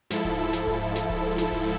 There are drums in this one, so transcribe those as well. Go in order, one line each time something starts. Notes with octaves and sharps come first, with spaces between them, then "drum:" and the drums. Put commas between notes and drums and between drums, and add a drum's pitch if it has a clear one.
G#2 F3 E4 A4, drum: snare
drum: kick D1
drum: snare
drum: kick D1
drum: snare
drum: kick D1
drum: snare
drum: kick D1